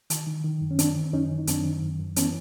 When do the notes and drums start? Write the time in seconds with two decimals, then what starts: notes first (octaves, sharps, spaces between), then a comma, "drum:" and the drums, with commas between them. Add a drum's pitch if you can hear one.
0.10 D#3, drum: hi-hat
0.27 D#3
0.44 D#3
0.61 F#2
0.71 C#4
0.79 D#3 C4 D4, drum: hi-hat
0.96 D#3
1.13 F#2 C#4 D#4
1.31 D#3
1.39 D#4
1.47 F#2 C4 D4, drum: hi-hat
1.65 D#3
1.83 F#2
2.00 F#2
2.16 E3 B3 C#4, drum: hi-hat